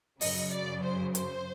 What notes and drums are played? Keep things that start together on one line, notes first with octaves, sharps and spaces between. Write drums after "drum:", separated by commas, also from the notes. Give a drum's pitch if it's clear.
F#2 C#3 F#3 D#5, drum: open hi-hat
D5
C5
C5, drum: hi-hat